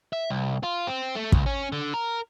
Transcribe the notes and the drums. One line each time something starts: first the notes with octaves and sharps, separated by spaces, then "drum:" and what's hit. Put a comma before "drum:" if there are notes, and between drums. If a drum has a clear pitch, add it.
E5
C2
F4
C4
A3
C#2, drum: kick
C#4
D3
A#4